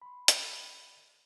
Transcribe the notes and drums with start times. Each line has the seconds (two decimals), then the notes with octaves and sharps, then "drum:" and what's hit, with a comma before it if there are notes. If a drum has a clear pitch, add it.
0.02 B5 C6
0.28 drum: hi-hat